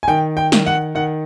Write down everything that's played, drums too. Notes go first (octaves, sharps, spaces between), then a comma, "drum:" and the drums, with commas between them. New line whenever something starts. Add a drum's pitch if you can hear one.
G#5
D#3 G5
G5
D#3, drum: snare
F#5
D#3 F#5